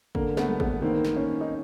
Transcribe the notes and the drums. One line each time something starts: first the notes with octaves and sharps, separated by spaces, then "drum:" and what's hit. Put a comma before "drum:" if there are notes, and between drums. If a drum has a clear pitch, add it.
D3 A#3, drum: kick G#1
A3 B3, drum: snare
G3
A3 B3, drum: kick G#1
D#3 A#3 C4
drum: snare
C#4
D#4